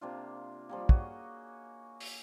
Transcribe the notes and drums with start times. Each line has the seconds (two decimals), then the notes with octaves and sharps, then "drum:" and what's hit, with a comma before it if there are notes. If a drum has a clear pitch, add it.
0.01 C3 A#3 D4 F4
0.69 F3 G3 A#3
0.89 F#4 G#4 C#5 D#5, drum: kick
2.00 drum: open hi-hat